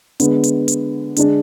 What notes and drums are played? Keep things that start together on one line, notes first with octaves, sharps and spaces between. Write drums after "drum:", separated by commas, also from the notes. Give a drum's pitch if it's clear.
D3 G#3 B3, drum: hi-hat
drum: hi-hat
drum: hi-hat
D3 G#3 D4, drum: hi-hat